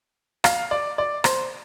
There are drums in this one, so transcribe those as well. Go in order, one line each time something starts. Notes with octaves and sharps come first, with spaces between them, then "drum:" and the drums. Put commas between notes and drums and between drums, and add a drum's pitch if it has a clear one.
F5, drum: rim click
D5
D5
C5, drum: rim click